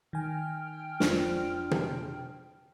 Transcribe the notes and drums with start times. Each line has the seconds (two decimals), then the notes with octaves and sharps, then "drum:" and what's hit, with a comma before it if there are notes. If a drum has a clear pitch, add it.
0.13 D#3 G5 G#5 F6
1.00 F2 D4 C5, drum: snare
1.71 drum: tom